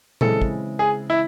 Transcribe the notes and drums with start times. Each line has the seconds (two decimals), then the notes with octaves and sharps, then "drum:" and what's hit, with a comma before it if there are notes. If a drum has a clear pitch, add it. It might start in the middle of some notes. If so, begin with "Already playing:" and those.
0.21 C#3 E3 G#3 C4 E4 A4, drum: tom A#2
0.42 drum: kick
0.79 G#4
1.10 E4